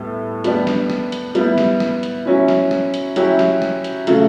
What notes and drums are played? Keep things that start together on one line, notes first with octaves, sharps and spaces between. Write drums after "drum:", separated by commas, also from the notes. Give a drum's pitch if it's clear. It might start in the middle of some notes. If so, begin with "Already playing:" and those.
Already playing: A2 G3 B3
G3 B3 D4 G4, drum: hi-hat
drum: snare
drum: snare
drum: hi-hat
G3 B3 E4, drum: hi-hat
drum: snare
drum: snare
drum: hi-hat
F#3 C#4 E4
drum: snare
drum: snare
drum: hi-hat
F#3 C#4 E4 G4, drum: hi-hat
drum: snare
drum: snare
drum: hi-hat
C#3 F#3 A3, drum: hi-hat